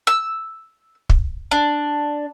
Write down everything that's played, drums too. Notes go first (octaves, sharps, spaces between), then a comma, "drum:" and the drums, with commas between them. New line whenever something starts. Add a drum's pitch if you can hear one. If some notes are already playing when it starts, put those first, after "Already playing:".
E6
drum: kick
D4